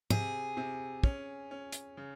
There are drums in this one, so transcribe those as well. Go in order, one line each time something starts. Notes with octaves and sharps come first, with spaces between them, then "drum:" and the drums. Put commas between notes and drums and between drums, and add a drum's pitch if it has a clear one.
C3 G#4, drum: tom
C3
C#4, drum: kick
C#4
drum: hi-hat
C#3